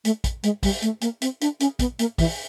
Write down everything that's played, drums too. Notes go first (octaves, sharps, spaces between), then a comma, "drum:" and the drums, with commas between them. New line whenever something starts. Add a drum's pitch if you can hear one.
A3, drum: hi-hat
drum: kick, hi-hat
G#3, drum: hi-hat
G3, drum: kick, open hi-hat
A3, drum: hi-hat
A#3, drum: hi-hat
C4, drum: hi-hat
D4, drum: hi-hat
C#4, drum: hi-hat
B3, drum: kick, hi-hat
A#3, drum: hi-hat
E3, drum: kick, open hi-hat